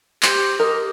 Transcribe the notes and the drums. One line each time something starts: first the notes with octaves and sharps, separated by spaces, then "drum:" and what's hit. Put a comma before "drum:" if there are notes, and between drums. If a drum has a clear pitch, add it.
G4 C5, drum: clap
G4 A#4 D#5